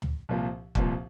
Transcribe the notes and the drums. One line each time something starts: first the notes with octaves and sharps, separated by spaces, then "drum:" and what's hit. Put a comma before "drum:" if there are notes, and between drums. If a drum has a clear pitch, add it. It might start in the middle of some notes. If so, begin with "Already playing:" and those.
drum: tom
C2 A#2 F3
C2 A#2 F3, drum: kick